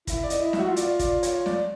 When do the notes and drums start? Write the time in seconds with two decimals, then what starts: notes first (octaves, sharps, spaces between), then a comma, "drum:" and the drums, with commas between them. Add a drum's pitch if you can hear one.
0.07 E4, drum: kick, hi-hat
0.23 D5
0.30 D#5, drum: hi-hat
0.38 E4
0.53 E5, drum: snare
0.59 F#4
0.68 F4
0.76 D5, drum: hi-hat
0.99 D5, drum: kick, hi-hat
1.23 C#5, drum: hi-hat
1.46 D5, drum: snare